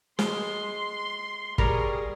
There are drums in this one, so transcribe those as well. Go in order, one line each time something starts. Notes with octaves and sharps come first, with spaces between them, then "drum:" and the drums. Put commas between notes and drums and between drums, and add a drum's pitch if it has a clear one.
G#3 C6, drum: snare
G3 G#4 A#4 C#5, drum: kick